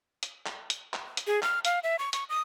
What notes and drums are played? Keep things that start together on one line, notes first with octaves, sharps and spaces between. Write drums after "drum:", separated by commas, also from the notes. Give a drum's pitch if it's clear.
drum: hi-hat
drum: clap
drum: hi-hat
drum: clap
drum: hi-hat
G#4
F6, drum: clap
F5, drum: hi-hat
E5
C#6
C#6, drum: hi-hat
D#6